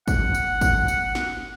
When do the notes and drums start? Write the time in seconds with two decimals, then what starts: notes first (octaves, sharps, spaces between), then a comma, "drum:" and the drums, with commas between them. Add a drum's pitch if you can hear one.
0.08 F#5, drum: kick, tambourine
0.34 drum: tambourine
0.61 drum: kick, tambourine
0.88 drum: tambourine
1.15 drum: snare